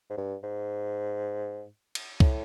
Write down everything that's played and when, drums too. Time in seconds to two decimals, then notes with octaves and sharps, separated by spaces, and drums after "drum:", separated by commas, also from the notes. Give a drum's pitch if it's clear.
0.10 G#2
0.17 G2
0.43 G#2
1.95 drum: cymbal
2.20 A2, drum: kick C2